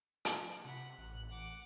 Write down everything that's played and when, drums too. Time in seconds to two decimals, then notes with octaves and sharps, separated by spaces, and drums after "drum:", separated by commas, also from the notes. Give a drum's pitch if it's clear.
0.25 drum: hi-hat
0.65 C3 F#5 B5
0.98 A1 F#6
1.30 F#5 D6